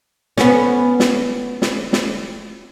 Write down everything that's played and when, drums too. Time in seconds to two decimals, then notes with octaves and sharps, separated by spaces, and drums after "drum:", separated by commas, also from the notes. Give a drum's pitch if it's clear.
0.38 B3 C#4, drum: snare
1.00 drum: snare
1.62 drum: snare
1.93 drum: snare